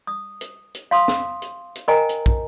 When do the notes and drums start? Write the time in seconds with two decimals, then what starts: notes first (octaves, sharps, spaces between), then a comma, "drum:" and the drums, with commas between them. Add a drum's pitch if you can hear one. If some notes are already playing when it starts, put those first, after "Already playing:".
0.07 D#6
0.41 drum: hi-hat
0.74 drum: hi-hat
0.91 F5 C6 D#6
1.08 drum: snare
1.42 drum: hi-hat
1.75 drum: hi-hat
1.88 A#4 C5 D#5 G5 G#5 A#5
2.09 drum: hi-hat
2.26 drum: kick